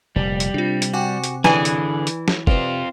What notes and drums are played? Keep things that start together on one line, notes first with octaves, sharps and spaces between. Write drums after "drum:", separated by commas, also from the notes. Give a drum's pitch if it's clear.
F1 A#2 G3
drum: hi-hat
C3 D4 F4
drum: hi-hat
F#4 G5 G#5 D6
drum: hi-hat
D3 E3 G#4 B4 D5 G#5, drum: snare
drum: hi-hat
drum: hi-hat
drum: snare
C3 C4 F4 B4 D5, drum: kick